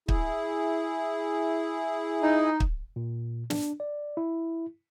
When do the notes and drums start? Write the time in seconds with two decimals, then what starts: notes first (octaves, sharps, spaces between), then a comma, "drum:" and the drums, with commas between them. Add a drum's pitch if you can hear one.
0.09 E4 G#4, drum: kick
2.22 D#4
2.60 drum: kick
2.96 A#2
3.50 D4, drum: snare
3.80 D5
4.17 E4